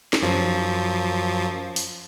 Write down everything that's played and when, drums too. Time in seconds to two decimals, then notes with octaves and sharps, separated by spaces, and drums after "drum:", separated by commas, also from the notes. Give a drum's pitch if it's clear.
0.13 drum: snare
0.22 F#2 F3
1.76 drum: open hi-hat